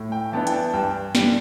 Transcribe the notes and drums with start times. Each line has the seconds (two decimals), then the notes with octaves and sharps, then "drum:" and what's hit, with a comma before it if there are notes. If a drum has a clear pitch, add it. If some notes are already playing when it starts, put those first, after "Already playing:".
Already playing: A2
0.12 G5
0.32 E3 B3 D4 A5
0.47 G5, drum: hi-hat
0.54 A5
0.73 G2 G5
1.15 G3 D4, drum: snare